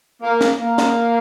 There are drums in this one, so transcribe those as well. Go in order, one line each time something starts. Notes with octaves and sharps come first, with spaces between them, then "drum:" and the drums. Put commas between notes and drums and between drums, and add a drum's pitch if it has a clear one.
A#3
drum: snare
A#3
drum: snare